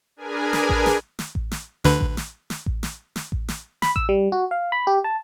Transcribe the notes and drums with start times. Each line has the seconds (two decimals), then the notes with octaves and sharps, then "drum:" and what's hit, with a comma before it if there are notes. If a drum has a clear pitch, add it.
0.16 D4 G#4 A#4 B4 G#5
0.53 drum: snare
0.69 drum: kick A1
0.86 drum: snare
1.19 drum: snare
1.35 drum: kick A1
1.51 drum: snare
1.84 D2 D3 B4, drum: snare
2.01 drum: kick A1
2.17 drum: snare
2.50 drum: snare
2.66 drum: kick A1
2.83 drum: snare
3.16 drum: snare
3.32 drum: kick A1
3.48 drum: snare
3.82 B5, drum: snare
3.96 E6, drum: kick A1
4.09 G3
4.32 F#4
4.51 F5
4.72 B5
4.87 G4
5.04 A5